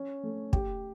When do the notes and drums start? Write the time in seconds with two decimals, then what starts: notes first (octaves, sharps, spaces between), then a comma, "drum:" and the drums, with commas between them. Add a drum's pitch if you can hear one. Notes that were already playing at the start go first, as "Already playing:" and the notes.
Already playing: C#4
0.23 A3
0.53 G4, drum: kick